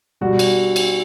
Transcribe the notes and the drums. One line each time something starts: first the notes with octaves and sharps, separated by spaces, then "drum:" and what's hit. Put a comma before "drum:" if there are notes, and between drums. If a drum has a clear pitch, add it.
B2 G3 F#4
drum: cymbal
drum: cymbal